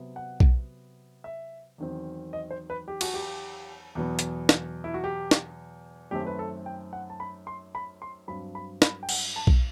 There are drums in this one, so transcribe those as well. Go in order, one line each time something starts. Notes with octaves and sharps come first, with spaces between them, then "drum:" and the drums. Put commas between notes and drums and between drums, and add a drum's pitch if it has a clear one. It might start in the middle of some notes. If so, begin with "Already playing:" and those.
Already playing: C3 F#3 B3
F#5
drum: kick B1
E5
E2 D#3 F#3 C4
D#5
C5
B4
G4
F#4, drum: cymbal
G4
E2 B2 F#3 B3
drum: hi-hat
drum: snare
E4
F#4
G4
drum: snare
F#2 D#3 A3 C4 G4
B4
A4
G5
F#5
A5
B5
C6
B5
C6
G2 F#3 C4 B5
B5
B5, drum: snare
G5
F#5, drum: cymbal
A5
drum: kick B1